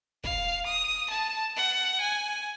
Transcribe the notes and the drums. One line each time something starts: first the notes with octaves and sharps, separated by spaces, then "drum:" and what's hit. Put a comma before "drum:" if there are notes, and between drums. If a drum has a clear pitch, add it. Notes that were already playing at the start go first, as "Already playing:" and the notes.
F5, drum: kick
D#6
A5
F#5
G#5